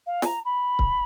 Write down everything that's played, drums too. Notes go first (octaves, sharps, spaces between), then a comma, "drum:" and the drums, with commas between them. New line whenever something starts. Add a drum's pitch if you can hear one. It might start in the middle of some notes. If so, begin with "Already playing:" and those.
F5
G#5, drum: snare
A#5
B5
drum: kick C#1